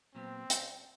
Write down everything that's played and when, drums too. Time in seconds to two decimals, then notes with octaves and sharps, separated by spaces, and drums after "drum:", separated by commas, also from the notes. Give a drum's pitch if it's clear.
0.15 A#2 F#3 B3 C4
0.50 drum: hi-hat